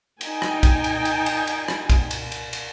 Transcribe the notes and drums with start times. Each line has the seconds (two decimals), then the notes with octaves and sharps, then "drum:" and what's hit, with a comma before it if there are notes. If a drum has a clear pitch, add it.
0.21 D#4 G5 G#5, drum: cymbal
0.42 drum: rim click
0.63 drum: kick, cymbal
0.84 drum: cymbal
1.05 drum: cymbal
1.26 drum: cymbal
1.47 drum: cymbal
1.68 drum: rim click
1.90 drum: kick, cymbal
2.11 drum: cymbal
2.32 drum: cymbal
2.53 drum: cymbal